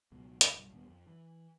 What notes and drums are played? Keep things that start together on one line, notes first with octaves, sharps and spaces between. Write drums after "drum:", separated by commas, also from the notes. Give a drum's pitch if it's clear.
C#2 B2 F#3
C#2, drum: hi-hat
B1 G2
D#1 D3 B3
F2
E3